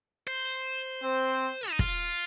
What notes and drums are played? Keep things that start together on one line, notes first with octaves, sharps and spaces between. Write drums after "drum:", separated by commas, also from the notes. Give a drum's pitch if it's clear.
C5
C4
D#4
F4, drum: kick